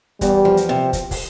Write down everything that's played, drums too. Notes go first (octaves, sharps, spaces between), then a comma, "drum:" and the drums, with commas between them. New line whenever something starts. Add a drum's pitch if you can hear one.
E2 G3, drum: kick, hi-hat
F3
drum: hi-hat
C3
drum: kick, hi-hat
drum: kick, open hi-hat